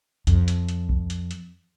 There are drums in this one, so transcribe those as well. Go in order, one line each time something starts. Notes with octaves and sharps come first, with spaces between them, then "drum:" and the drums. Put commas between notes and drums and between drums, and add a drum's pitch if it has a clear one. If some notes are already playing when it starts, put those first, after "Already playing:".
F2, drum: kick B1, hi-hat
drum: hi-hat
drum: hi-hat
drum: kick B1
drum: hi-hat
drum: hi-hat